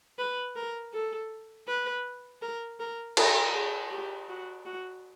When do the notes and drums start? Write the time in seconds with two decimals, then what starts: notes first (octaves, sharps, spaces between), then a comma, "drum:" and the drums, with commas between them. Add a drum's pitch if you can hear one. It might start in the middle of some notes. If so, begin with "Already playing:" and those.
0.19 B4
0.56 A#4
0.93 A4
1.68 B4
2.42 A#4
2.80 A#4
3.17 A4, drum: cymbal
3.54 G#4
3.91 G4
4.29 F#4
4.66 F#4